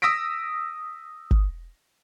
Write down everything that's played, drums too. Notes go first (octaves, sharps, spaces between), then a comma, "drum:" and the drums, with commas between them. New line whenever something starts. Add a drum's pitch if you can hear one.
D#6 E6 A#6 B6 D7
drum: kick